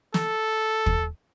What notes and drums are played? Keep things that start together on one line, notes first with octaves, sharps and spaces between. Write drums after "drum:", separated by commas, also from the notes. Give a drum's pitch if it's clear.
A4, drum: snare
drum: kick